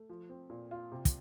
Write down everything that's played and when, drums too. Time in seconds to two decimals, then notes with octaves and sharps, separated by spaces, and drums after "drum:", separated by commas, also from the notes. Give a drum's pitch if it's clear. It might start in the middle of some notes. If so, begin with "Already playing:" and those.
Already playing: A3
0.09 F3
0.30 C4
0.50 A#2
0.71 F4
0.92 C3
1.05 drum: kick, hi-hat